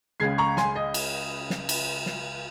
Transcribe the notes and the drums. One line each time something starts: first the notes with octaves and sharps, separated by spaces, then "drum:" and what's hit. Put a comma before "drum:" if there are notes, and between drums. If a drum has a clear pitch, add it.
C#2 C#3 G#3 G#6 C7
A#5 C#6
G#5 C6, drum: snare
D#5
drum: cymbal
drum: snare
drum: cymbal
drum: snare